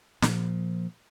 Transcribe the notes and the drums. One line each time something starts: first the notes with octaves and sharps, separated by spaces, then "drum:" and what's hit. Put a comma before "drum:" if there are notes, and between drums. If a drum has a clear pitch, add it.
A#2 F3, drum: snare